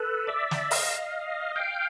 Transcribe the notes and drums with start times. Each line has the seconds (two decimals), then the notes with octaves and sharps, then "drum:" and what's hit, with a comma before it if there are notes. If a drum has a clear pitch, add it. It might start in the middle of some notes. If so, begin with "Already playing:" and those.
Already playing: A4 B4
0.27 D5 E5
0.51 drum: snare
0.71 D#5 F5, drum: open hi-hat
1.56 F5 G5